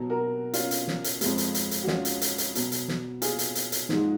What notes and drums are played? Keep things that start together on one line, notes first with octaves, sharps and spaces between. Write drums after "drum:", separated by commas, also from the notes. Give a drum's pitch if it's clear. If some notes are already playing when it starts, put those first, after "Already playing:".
Already playing: B2 F#3
F#4 A#4
C#4 F4, drum: hi-hat
drum: hi-hat
drum: snare
drum: hi-hat
F2 F3 G#3, drum: hi-hat
drum: hi-hat
drum: hi-hat
drum: hi-hat
F#4
C#4 F4, drum: snare
drum: hi-hat
drum: hi-hat
drum: hi-hat
B2 F#3, drum: hi-hat
drum: hi-hat
drum: snare
F4 G#4, drum: hi-hat
drum: hi-hat
drum: hi-hat
drum: hi-hat
G#2 F3 G#3, drum: snare